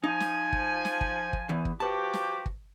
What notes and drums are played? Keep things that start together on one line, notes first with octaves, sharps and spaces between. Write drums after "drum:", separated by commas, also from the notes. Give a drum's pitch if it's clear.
F3 D#4 G#5
drum: snare
drum: kick
drum: snare
drum: kick
drum: kick
E2 E3
drum: kick
F3 F#4 G4 B4 A5
drum: snare
drum: kick